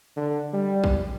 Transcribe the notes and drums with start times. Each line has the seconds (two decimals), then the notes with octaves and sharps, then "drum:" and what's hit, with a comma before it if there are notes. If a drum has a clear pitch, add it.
0.16 D3
0.53 G3
0.84 drum: kick